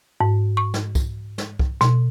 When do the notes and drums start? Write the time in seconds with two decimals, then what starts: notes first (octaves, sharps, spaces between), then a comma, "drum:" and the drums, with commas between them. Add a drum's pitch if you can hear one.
0.21 G#2
0.57 C#6
0.74 drum: snare
0.95 drum: kick C2, tambourine
1.38 drum: snare
1.59 drum: kick C2
1.81 B2, drum: snare